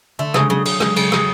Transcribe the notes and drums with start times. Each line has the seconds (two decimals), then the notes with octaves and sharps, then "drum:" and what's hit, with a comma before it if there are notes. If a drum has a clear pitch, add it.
0.19 D3 A3
0.34 C#3 G#3, drum: rim click
0.49 C#3 F#3
0.65 C#3, drum: cymbal
0.80 C#3 G#3, drum: rim click
0.96 C#3, drum: cymbal
1.12 C#3 F#3, drum: rim click